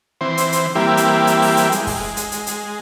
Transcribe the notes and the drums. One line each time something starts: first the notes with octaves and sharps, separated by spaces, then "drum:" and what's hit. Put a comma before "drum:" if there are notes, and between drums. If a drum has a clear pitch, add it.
E3 C4 C5
drum: hi-hat
drum: hi-hat
E3 G3 A#3 C4 E4 G4
drum: hi-hat
drum: hi-hat
drum: open hi-hat
drum: hi-hat
G#3, drum: hi-hat
drum: kick, open hi-hat
drum: hi-hat
drum: hi-hat
drum: hi-hat